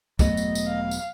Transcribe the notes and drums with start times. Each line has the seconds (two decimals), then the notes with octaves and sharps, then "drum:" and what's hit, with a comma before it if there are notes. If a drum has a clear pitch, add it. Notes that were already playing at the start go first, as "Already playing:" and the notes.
0.19 E1 F#3 A3 B3 D#5, drum: kick, tambourine
0.37 drum: tambourine
0.55 drum: tambourine
0.67 F5
0.91 drum: tambourine